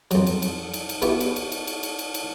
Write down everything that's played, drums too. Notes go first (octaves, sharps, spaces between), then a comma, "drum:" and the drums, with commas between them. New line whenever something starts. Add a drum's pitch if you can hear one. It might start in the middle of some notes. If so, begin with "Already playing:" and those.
F2 F#3, drum: cymbal
drum: cymbal
drum: cymbal
drum: cymbal
drum: cymbal
B3 E4 F#4 G4, drum: cymbal
drum: cymbal
drum: cymbal
drum: cymbal
drum: cymbal
drum: cymbal
drum: cymbal
drum: cymbal